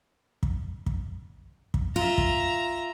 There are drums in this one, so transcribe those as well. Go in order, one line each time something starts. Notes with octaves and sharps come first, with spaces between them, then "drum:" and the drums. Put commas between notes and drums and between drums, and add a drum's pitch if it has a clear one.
drum: kick
drum: kick
drum: kick
F4 E5 A#5
drum: kick